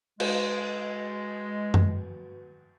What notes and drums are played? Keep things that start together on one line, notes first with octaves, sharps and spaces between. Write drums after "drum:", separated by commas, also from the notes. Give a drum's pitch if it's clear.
G#3 F#4 B4, drum: cymbal
drum: tom F#2